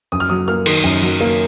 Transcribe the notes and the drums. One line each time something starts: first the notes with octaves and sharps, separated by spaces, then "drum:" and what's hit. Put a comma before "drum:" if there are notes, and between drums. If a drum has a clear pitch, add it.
F#2 D#6
F6
F#3 D#6
A#3 F6
D#3, drum: cymbal
F#2
F#3
A#3